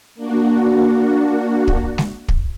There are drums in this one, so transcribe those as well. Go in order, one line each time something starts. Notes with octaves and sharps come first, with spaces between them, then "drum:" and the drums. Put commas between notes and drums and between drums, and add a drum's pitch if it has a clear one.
A#3 D4 F#4
drum: kick
drum: snare G#3
drum: kick